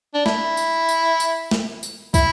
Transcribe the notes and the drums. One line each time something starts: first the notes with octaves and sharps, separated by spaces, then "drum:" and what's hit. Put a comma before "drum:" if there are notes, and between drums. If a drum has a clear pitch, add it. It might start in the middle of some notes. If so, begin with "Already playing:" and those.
D4
E4, drum: snare
drum: tambourine
drum: tambourine
drum: tambourine
drum: snare
drum: tambourine
E4, drum: kick, tambourine